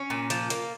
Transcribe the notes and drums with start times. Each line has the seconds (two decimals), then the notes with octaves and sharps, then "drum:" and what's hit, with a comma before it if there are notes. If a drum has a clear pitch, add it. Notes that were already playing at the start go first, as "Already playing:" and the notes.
Already playing: C#4
0.10 A#2
0.30 F3, drum: hi-hat
0.50 A#3, drum: hi-hat